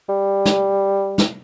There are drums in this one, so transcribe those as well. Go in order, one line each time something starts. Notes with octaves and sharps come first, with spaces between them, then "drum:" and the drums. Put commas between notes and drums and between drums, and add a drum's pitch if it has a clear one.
G3
drum: snare
drum: snare